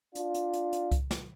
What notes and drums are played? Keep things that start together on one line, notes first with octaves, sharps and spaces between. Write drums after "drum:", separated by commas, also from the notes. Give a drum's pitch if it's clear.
D4 F4, drum: hi-hat
drum: hi-hat
drum: hi-hat
drum: hi-hat
drum: kick C2, hi-hat
drum: snare